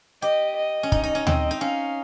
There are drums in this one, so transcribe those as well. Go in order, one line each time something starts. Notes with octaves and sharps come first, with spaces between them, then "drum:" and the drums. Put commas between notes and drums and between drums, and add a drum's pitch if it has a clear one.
G4 D#5
D#5
C#4
D#4, drum: kick
D#4
C#4
C4, drum: tom D2
D#4
C#4 F5